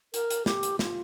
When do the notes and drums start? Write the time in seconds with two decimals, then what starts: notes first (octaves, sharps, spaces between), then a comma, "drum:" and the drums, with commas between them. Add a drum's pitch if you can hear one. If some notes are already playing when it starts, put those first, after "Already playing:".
0.14 A#4, drum: hi-hat
0.30 drum: hi-hat
0.46 G4, drum: snare
0.63 drum: hi-hat
0.79 F4, drum: snare